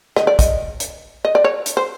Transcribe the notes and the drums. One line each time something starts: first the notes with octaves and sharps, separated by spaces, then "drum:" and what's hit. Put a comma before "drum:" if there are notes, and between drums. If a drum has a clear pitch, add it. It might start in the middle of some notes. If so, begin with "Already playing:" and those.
D#5, drum: rim click
D5
D#5, drum: kick, hi-hat
drum: hi-hat
D#5
D5
C#5
drum: hi-hat
C5